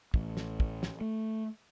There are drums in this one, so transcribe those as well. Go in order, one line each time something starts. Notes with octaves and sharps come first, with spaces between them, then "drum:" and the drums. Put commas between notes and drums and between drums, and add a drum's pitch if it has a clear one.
A1, drum: kick
drum: snare
drum: kick
drum: snare
A3